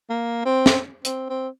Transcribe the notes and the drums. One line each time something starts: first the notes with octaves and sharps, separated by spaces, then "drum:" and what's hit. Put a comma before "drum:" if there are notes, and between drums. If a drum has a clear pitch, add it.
A#3
C4
drum: snare
C4, drum: hi-hat
C4